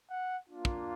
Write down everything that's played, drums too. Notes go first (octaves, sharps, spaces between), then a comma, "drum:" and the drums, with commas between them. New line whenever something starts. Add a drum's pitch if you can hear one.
F#5
A#3 D4 F4
drum: kick